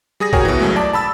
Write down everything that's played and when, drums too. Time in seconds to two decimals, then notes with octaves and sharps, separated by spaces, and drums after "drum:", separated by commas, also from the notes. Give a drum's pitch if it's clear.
0.20 G3 G#4 D#6 A#6
0.33 F#4 G#4 A#4 C#5 G5 G#5, drum: kick
0.45 B2 E3
0.59 C#2 F#3 G#3 A3
0.76 D5 A5 D6
0.93 A5 B5 E6 A6